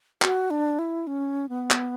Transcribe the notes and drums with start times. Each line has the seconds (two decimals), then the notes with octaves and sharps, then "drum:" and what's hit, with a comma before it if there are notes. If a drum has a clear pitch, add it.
0.22 F#4, drum: clap
0.50 D4
0.79 E4
1.07 C#4
1.49 B3
1.71 drum: clap